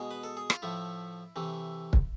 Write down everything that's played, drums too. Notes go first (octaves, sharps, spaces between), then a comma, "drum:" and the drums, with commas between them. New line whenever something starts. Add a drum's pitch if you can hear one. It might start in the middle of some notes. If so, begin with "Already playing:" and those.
Already playing: B2 G#3 G#4
B4
A4
G#4
F4, drum: rim click
A2 F3 A3 E4
C3 E3 A3
drum: kick